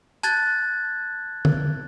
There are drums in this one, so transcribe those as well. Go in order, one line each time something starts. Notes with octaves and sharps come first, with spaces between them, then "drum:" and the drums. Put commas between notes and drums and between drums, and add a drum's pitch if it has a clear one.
A5 F#6 G#6 A6, drum: hi-hat
drum: tom D3